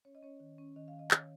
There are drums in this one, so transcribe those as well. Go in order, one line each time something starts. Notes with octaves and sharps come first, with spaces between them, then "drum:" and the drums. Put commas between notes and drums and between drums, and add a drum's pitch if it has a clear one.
C#4 C#5
D#5
C#4 C#5
D#3
C#4
D#3 D#5
F5
D#3
D#5
D#3 C#5, drum: clap